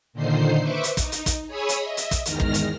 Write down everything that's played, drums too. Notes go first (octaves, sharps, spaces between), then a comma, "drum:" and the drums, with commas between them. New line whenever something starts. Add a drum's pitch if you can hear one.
A#2 D3 D#3 D#4 C5 C7
B4 C5 E5 C#6 D6
drum: hi-hat
D#4, drum: kick, hi-hat
drum: hi-hat
drum: kick, hi-hat
G#4 C#5 G#5 B5 D#6 E6
drum: hi-hat
D#5 E5
drum: hi-hat
drum: kick, hi-hat
E2 G#2 D#3 F6 A#6, drum: hi-hat
drum: kick
drum: hi-hat